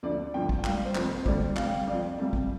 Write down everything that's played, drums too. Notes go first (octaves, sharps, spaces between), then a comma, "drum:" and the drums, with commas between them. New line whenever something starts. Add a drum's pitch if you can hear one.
D2 D3 F3 D5
G1 G2 F3 G5
drum: kick
G5
C2 C3 G3 F5, drum: clap
C5
F1 F2 F3, drum: clap
C5
D2 D3 G3 D5, drum: kick
F2 C3 G3 F5, drum: clap
G5
F5
F2 F3 D5
C2 C3 G3
drum: kick